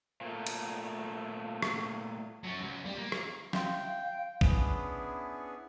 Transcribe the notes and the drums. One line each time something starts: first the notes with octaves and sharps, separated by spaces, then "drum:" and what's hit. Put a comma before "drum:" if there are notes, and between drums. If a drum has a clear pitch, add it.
A#2 A3
drum: hi-hat
drum: rim click
F#3 C#4
C#2
G3
A#3
drum: rim click
F#4 E5 F5 G5 C6, drum: snare
B3 C#4 D4 E4 G#4 B4, drum: kick